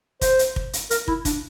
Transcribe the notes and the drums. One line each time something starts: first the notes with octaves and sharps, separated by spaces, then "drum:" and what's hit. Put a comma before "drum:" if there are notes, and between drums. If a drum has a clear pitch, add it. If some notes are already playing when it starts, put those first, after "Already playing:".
C5, drum: kick, hi-hat
drum: hi-hat
drum: kick
drum: hi-hat
A#4, drum: hi-hat
E4, drum: kick
D4, drum: kick, hi-hat